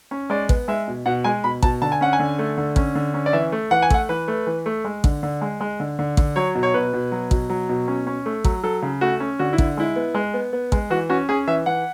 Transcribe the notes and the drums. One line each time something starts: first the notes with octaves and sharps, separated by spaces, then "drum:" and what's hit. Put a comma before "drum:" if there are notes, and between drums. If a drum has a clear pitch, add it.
C#4
G#3 D5
B3, drum: kick A1
G#3 E5
B2
B2 F#5
G#3 G#5
B2 B5
B2 A5, drum: kick A1
D3 A5
G#5
C#4 F#5
G#5
D3
A3
D3
C#4, drum: kick A1
D3
C#4
D5
E3 E5
A3
E3 F#5
G#5
A3 F#5, drum: kick A1
E3 B4
A3
E3
A3
G#3
D3, drum: kick A1
D3
G#3
G#3
D3
D3
D3, drum: kick A1
F#3 C#5
B2
C#5
B2 B4
B2
F#3
B2, drum: kick A1
F#3
B2
C#4
C#4
A3
F#3, drum: kick A1
F#3 A4
C#3
A3 F#4
C#4
D3 F#4
E4
D3, drum: kick A1
G#3 E4
B3
G#3
B3
B3
G#3, drum: kick A1
E3 F#4
C#4 F#4
C#4 G#4
E3 E5
E3 F#5